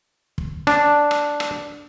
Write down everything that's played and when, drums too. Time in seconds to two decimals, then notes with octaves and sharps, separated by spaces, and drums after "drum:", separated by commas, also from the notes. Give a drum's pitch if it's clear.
0.38 drum: kick
0.67 D4, drum: rim click
1.11 drum: rim click
1.40 drum: rim click